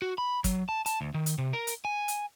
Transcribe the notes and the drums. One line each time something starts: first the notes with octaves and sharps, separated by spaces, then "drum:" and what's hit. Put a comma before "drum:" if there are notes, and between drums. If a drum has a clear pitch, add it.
F#4
B5
F#3, drum: kick, hi-hat
A5
A5, drum: hi-hat
D2
D#3
drum: hi-hat
C3
A#4
drum: hi-hat
G#5
drum: hi-hat